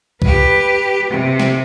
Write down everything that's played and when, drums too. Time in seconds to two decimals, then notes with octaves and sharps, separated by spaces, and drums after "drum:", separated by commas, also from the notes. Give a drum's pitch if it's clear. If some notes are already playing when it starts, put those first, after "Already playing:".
0.22 G4 B4, drum: kick C2
1.10 C3
1.39 drum: snare